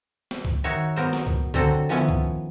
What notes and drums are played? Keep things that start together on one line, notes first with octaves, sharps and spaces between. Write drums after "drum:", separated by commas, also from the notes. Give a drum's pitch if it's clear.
drum: snare
drum: kick
D#3 D#4 F#4 C#5 E5
F#3 B3 A#4 C5
drum: snare
drum: kick
D3 F#3 C4 A4, drum: kick
D#3 F3 B3 C#4 E4
drum: kick